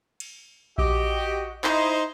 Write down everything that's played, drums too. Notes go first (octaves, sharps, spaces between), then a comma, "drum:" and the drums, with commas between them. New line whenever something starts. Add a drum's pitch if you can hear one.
drum: cymbal
F#4 G4 D#5, drum: kick A#1
D#4 E4 C5 D#5, drum: clap